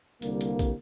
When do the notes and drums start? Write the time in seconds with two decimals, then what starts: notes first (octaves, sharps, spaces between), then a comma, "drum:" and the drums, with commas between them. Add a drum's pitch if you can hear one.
0.22 C2 D3 G3 A#3, drum: hi-hat
0.41 drum: hi-hat
0.59 drum: kick, hi-hat